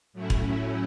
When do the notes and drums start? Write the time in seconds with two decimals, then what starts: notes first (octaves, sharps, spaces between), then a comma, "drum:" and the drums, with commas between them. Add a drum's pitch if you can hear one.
0.13 A2 F#3 A3 C#4 E4
0.30 drum: kick E1